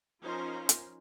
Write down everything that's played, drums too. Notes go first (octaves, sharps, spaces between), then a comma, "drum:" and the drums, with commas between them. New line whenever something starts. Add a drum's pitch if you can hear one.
F3 C#4 D#4 F4 A#4 C5
drum: hi-hat